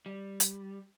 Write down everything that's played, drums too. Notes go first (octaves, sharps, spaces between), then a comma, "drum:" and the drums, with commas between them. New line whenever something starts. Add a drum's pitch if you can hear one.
G3
drum: hi-hat